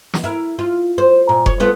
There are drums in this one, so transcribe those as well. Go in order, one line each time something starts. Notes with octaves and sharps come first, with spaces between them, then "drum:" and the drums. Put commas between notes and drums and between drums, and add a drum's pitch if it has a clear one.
drum: snare
E4 A#4
F4
C5
A#2
C#5, drum: kick F1
A3 B3 F4